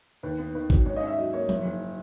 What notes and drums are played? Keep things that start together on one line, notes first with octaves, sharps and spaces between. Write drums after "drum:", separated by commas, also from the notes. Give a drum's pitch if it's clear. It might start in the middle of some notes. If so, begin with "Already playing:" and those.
D#2 B4
B3
D#3 B4
F#3, drum: kick A1
G#2 C#5
C#4 D#5
E5
F#3 D#5
A#3 C#5
F#1, drum: tom F3
F#1